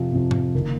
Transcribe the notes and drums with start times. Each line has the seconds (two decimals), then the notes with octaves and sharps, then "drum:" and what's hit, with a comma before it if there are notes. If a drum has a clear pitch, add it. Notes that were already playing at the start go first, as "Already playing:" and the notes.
Already playing: F2 C3 F3
0.13 F2 C3 F3
0.31 drum: tom G#2
0.54 F#1 D#3 A#3